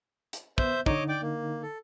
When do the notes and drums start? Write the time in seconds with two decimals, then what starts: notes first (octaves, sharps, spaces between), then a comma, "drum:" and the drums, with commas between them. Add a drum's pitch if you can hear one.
0.33 drum: hi-hat
0.58 B3 C5 E5 G6, drum: kick
0.86 D3 D#4 C#5 D#5 D6, drum: kick
1.09 D5 G5 D6
1.22 A#3
1.63 A4